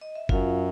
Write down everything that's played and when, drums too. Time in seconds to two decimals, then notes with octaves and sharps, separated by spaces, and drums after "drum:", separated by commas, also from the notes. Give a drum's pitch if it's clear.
0.01 D#5
0.15 E5
0.29 F#2 F4 F5, drum: kick G1